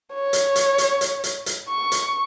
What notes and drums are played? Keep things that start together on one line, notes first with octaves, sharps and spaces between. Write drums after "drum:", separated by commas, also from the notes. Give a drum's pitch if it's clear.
C#5
drum: hi-hat
drum: hi-hat
drum: hi-hat
drum: hi-hat
drum: hi-hat
drum: hi-hat
C#6
drum: hi-hat